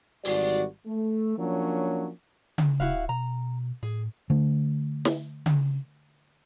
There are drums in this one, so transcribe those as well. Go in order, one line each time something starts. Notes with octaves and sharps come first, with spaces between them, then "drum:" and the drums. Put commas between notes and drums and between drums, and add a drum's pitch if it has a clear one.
G#1 E3 G3 F#4 D5, drum: open hi-hat
A3
F3 F#3 A#3 C#4 D4
drum: tom C#3
D1 E4 F#4 F5
B2 A#5
A2 G#4
D3 A3
drum: snare
drum: tom C#3